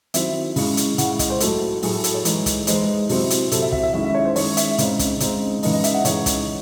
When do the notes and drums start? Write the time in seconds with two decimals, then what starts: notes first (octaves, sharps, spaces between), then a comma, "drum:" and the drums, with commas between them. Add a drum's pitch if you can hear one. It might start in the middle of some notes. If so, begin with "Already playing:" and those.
0.14 D#3 F#3 C4 E4 E5, drum: hi-hat
0.56 C#3 G#3 C#4 E4, drum: open hi-hat
0.77 drum: hi-hat
0.98 C#3 G#3 C#4 E4 F#5, drum: hi-hat
1.19 D#5, drum: kick, hi-hat
1.30 C5
1.40 A2 F#3 A3 A4, drum: hi-hat
1.82 A2 F#3 A3 G#4, drum: open hi-hat
1.93 A4
2.04 A4, drum: hi-hat
2.14 C#5
2.25 E3 G#3 D#4, drum: hi-hat
2.46 drum: kick, hi-hat
2.67 E3 G#3 D#4 C5, drum: hi-hat
3.09 C3 F#3 C4 E4, drum: open hi-hat
3.30 drum: hi-hat
3.52 C3 F#3 C4 E4 A4, drum: hi-hat
3.62 E5
3.73 E5, drum: kick
3.83 E5
3.94 D#3 G#3 C#4 E4 E5
4.05 E5
4.15 C#5
4.25 C5
4.36 D#3 G#3 C#4 E4 C#5, drum: open hi-hat
4.57 E5, drum: hi-hat
4.78 C#3 G#3 C4 D#4, drum: hi-hat
4.99 drum: kick, hi-hat
5.20 C#3 G#3 C4 D#4, drum: hi-hat
5.63 C#3 E3 G#3 D#4 D#5, drum: open hi-hat
5.73 D#5
5.84 E5, drum: hi-hat
5.94 F#5
6.05 C#3 E3 G#3 D#4 C#5, drum: hi-hat
6.26 drum: kick, hi-hat